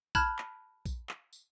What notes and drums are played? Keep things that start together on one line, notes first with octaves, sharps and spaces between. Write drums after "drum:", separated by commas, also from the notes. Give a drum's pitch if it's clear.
A5 B5 F6 F#6 G#6, drum: kick, tambourine
drum: clap
drum: kick, tambourine
drum: clap
drum: tambourine